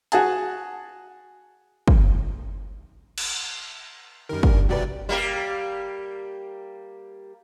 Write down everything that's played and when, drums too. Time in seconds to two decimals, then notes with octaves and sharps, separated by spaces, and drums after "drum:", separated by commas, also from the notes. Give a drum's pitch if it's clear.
0.12 F#4 G#4 A5, drum: hi-hat
1.88 drum: kick
3.18 drum: cymbal
4.29 F#2 D#3 G3 A#4
4.43 D4 G4, drum: kick
4.69 G#1 C3 F#4 G4 B4 D5
5.09 G3 A#3 G4